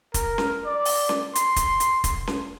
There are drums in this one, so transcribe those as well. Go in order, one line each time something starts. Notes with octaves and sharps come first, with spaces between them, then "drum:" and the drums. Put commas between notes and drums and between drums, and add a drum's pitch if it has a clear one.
A#4, drum: kick, hi-hat
drum: snare C#4
D5
drum: open hi-hat
drum: snare C#4
C6, drum: hi-hat
drum: kick, hi-hat
drum: hi-hat
drum: kick, hi-hat
drum: snare C#4